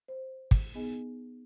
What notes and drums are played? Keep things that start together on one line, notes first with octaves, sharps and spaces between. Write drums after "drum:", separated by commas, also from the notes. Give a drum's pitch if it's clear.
C5
drum: kick
B3 D#4 G#4 D#5 G#5